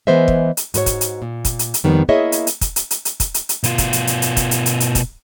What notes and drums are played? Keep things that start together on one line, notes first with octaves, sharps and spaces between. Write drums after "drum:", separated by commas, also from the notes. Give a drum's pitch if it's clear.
E3 G#3 B3 C5 D#5 E5
drum: kick
drum: hi-hat
G#2 F#4 B4 C#5, drum: hi-hat
drum: kick, hi-hat
drum: hi-hat
A#2
drum: kick, hi-hat
drum: hi-hat
drum: hi-hat
F2 D#3 G3 B3
A#3 E4 G#4 C#5 D#5 E5
drum: hi-hat
drum: hi-hat
drum: kick, hi-hat
drum: hi-hat
drum: hi-hat
drum: hi-hat
drum: kick, hi-hat
drum: hi-hat
drum: hi-hat
B2 F4, drum: hi-hat
drum: kick, hi-hat
drum: hi-hat
drum: hi-hat
drum: hi-hat
drum: kick, hi-hat
drum: hi-hat
drum: hi-hat
drum: hi-hat
drum: kick, hi-hat